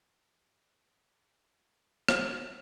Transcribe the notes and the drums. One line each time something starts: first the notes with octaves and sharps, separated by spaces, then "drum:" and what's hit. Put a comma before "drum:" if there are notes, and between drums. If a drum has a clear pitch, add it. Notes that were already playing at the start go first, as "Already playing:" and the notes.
C4
A#2
A#3
F3
drum: rim click